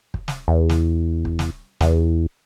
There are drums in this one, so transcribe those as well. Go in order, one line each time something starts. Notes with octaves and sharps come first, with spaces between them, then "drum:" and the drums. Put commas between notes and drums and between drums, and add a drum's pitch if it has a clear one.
drum: kick
drum: snare
E2
drum: snare
drum: kick
drum: snare
E2, drum: snare